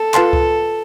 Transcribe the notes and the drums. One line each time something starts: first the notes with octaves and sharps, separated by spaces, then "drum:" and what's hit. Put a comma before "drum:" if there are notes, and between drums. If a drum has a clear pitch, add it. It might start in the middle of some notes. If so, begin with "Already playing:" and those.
Already playing: A4
F4 B4 F5 A5 C6, drum: clap
drum: kick C#2